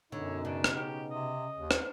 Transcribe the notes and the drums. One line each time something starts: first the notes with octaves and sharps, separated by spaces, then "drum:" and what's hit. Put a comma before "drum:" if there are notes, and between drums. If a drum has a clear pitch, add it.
F#2 B2 D3 D#4 C#5
C#3 D4
drum: rim click
G4
C3 D#5
D#2
drum: rim click